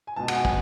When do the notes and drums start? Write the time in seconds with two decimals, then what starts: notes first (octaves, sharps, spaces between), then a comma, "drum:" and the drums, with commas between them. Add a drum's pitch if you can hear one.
0.07 G#5
0.16 C#2 B2 A5
0.28 F#5, drum: cymbal
0.35 G#5
0.45 drum: kick